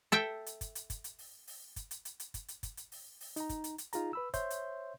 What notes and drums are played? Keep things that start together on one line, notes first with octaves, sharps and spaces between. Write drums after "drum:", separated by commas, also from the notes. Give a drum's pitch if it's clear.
A4 E5 G5
drum: hi-hat
drum: kick, hi-hat
drum: hi-hat
drum: kick, hi-hat
drum: hi-hat
drum: open hi-hat
drum: open hi-hat
drum: kick, hi-hat
drum: hi-hat
drum: hi-hat
drum: hi-hat
drum: kick, hi-hat
drum: hi-hat
drum: kick, hi-hat
drum: hi-hat
drum: open hi-hat
drum: open hi-hat
D#4 A#5, drum: hi-hat
drum: kick, hi-hat
drum: hi-hat
drum: hi-hat
D#4 F4 G#4 A#5, drum: hi-hat
B4 B5 E6
C5 C#5 E5 C6 G6, drum: kick, hi-hat
drum: hi-hat